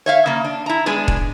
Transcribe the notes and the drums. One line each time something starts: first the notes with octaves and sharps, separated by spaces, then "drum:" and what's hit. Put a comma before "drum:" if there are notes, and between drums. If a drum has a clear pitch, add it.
C#5 E5 F5
C#3 A#3
D4
E4 A#5
G#3 B3 D4 G#4
drum: kick D#1